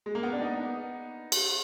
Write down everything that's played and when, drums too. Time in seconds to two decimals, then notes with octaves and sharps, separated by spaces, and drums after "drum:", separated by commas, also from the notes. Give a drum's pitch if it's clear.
0.06 G#3
0.15 A#3
0.23 B3
0.33 D4
0.41 B3 D#4
1.32 drum: cymbal